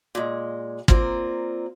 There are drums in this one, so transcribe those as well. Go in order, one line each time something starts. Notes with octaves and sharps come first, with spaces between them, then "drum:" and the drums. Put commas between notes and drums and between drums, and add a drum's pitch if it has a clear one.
A#2 G#3
A#3 C4 F4 A#4 D5, drum: kick